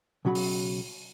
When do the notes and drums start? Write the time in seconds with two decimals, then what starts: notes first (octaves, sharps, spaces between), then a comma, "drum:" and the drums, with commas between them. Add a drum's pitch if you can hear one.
0.25 B1 C#3 F#3 F#4 B5
0.35 drum: open hi-hat